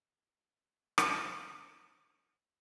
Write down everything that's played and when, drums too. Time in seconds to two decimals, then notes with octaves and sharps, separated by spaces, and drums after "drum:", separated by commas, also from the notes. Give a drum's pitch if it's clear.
0.15 A3 D4 A5
0.98 drum: rim click
1.57 F4